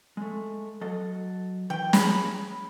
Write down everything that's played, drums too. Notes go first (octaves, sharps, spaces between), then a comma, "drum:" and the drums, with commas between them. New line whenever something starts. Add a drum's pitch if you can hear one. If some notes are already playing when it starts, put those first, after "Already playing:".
G#3 A3
F#3 A4 D#5
D#3 E3 G5
G#4 B5, drum: snare